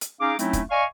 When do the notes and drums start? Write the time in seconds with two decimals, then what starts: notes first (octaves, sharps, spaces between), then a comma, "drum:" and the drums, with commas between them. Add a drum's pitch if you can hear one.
0.01 drum: hi-hat
0.20 C#4 D#4 G#4 F5 D6
0.39 F#3 A3 C4 C#4 D#4 E4, drum: hi-hat
0.53 drum: kick, hi-hat
0.71 D5 D#5 F5 G#5 C#6